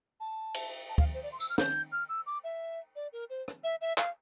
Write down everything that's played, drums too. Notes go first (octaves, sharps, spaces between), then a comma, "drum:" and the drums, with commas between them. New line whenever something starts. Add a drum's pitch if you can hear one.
A5
drum: cymbal
A5
F5, drum: kick
C5
D5
C6
E6, drum: tambourine
F6
G6, drum: snare
F6
E6
D6
E5
D5
A#4
C5
drum: rim click
E5
E5
F5, drum: clap